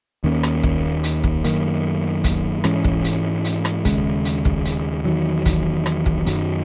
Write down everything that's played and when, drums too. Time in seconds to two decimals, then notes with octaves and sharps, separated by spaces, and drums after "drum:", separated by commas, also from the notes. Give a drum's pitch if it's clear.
0.24 D#2 D#3 A#3 C#4
0.43 drum: rim click
0.63 drum: kick
1.04 drum: hi-hat
1.24 drum: kick
1.44 F#2 D#3 A#3, drum: hi-hat
2.24 drum: kick, hi-hat
2.64 G#2 E3 G#3 C#4, drum: rim click
2.84 drum: kick
3.04 drum: hi-hat
3.45 drum: hi-hat
3.65 drum: rim click
3.85 D#2 C#3 G#3, drum: kick, hi-hat
4.25 drum: hi-hat
4.45 drum: kick
4.65 drum: hi-hat
5.05 E2 D#3 F#3
5.46 drum: kick, hi-hat
5.86 drum: rim click
6.06 drum: kick
6.26 F#2 D#3 F#3, drum: hi-hat